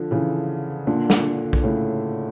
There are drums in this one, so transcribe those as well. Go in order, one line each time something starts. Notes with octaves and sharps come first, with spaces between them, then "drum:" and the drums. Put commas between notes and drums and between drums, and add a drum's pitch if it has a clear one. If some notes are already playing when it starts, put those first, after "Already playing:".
Already playing: D3 F3
C#3 E3
A#2 D3
drum: snare
drum: kick B1
A2 C#3